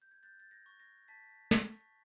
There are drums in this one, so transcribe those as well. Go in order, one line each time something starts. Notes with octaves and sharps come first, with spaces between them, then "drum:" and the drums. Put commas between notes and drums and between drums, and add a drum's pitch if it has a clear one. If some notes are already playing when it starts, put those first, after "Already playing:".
G6
G#6
F#6 G6 A6
A6
G#6 A#6
C#6
G#6 A#6
A5 A6 B6
C#6, drum: snare